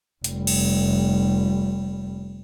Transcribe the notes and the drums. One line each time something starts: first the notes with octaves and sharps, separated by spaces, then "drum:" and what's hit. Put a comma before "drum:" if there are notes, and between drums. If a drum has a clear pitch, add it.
F1 G3, drum: hi-hat
drum: cymbal